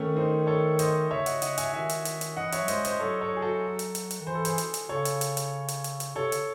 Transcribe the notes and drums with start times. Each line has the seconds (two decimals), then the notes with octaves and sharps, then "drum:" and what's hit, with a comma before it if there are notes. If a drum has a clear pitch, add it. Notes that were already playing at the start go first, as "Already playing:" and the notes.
Already playing: D#3 A3 C#4
0.16 C4 D#4
0.47 A4 C#5
0.79 C5 D#5, drum: hi-hat
1.10 C#3 C#5 E5
1.26 D#5 F#5, drum: hi-hat
1.42 C#3 D#5 F#5, drum: hi-hat
1.58 E5 G#5, drum: hi-hat
1.73 D#3 E5 G#5
1.89 drum: hi-hat
2.05 drum: hi-hat
2.21 drum: hi-hat
2.37 E3 D#5 F#5
2.52 C#5 E5, drum: hi-hat
2.63 F#3
2.68 G#3 C5 D#5, drum: hi-hat
2.85 C5 D#5, drum: hi-hat
3.00 F#3 A4 C#5
3.21 A4 C#5
3.36 G#4
3.42 F#4 A4
3.79 drum: hi-hat
3.95 drum: hi-hat
4.11 drum: hi-hat
4.20 D#3
4.26 E3 C5
4.35 A4
4.45 G#4 C5, drum: hi-hat
4.58 drum: hi-hat
4.74 drum: hi-hat
4.89 C#3 A4 C#5
5.05 drum: hi-hat
5.21 drum: hi-hat
5.37 drum: hi-hat
5.68 drum: hi-hat
5.84 drum: hi-hat
6.00 drum: hi-hat
6.15 C3 A4 C#5
6.32 C#3, drum: hi-hat